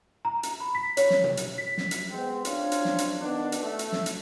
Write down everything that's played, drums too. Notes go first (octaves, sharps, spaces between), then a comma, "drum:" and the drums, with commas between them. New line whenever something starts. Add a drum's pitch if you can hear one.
A#5
drum: hi-hat
B5
B6
C#5, drum: hi-hat
drum: snare
drum: tom
drum: hi-hat
B6
drum: snare
drum: hi-hat
G#3 B3 C4
C4 D4 F4 C#5, drum: hi-hat
drum: hi-hat
drum: snare
drum: hi-hat
D#3 B3 D4
drum: hi-hat
A3
drum: hi-hat
drum: snare
drum: hi-hat